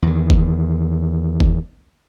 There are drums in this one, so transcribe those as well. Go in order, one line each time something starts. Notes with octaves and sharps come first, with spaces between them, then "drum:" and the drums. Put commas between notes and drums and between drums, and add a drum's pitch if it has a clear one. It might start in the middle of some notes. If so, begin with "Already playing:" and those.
E2 D#3
drum: kick
drum: kick